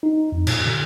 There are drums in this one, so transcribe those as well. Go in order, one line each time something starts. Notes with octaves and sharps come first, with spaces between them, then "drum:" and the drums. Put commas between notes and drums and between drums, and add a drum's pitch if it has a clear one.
D#4
F2
A#2, drum: cymbal
D3